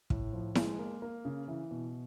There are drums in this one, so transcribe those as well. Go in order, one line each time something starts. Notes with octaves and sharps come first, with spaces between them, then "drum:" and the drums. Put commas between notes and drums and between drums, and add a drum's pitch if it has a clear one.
A2, drum: kick
F3
G#3, drum: snare E4
A#3
A#3
C#3
E3
B2